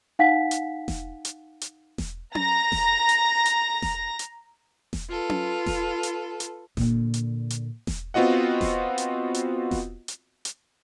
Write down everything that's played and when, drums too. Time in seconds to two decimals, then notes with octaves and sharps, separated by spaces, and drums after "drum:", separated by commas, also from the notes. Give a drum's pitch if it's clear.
0.19 D#4 F5 F#5 G#5 B6
0.51 drum: hi-hat
0.88 drum: snare E1
1.25 drum: hi-hat
1.61 drum: hi-hat
1.98 drum: snare E1
2.35 A#5 A#6, drum: tom C#4
2.72 drum: snare E1
3.09 drum: hi-hat
3.45 drum: hi-hat
3.82 drum: snare E1
4.19 drum: hi-hat
4.93 drum: snare E1
5.09 F4 A4 B4
5.30 drum: tom C#4
5.66 drum: snare E1
6.03 drum: hi-hat
6.40 drum: hi-hat
6.77 A#2 D3, drum: snare E1
7.14 drum: hi-hat
7.50 drum: hi-hat
7.87 drum: snare E1
8.14 B3 C4 F4 F#4 D#5 F#5
8.61 drum: snare E1
8.98 drum: hi-hat
9.34 drum: hi-hat
9.71 drum: snare E1
10.08 drum: hi-hat
10.45 drum: hi-hat